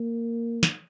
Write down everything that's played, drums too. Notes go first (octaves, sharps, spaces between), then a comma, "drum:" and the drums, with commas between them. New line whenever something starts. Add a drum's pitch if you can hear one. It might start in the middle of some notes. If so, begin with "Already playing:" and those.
Already playing: A#3
drum: snare